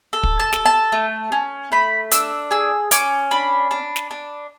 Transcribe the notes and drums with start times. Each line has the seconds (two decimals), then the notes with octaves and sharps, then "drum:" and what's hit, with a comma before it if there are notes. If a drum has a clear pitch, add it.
0.13 A4
0.23 drum: kick
0.39 A5
0.53 A4, drum: snare
0.66 A5
0.92 A3
1.32 C#4
1.72 A3 B5
2.11 D4 E6, drum: hi-hat
2.51 G#4 E6
2.91 C#4 D6, drum: hi-hat
3.31 D4 B5
3.71 D4
3.96 drum: snare
4.11 D4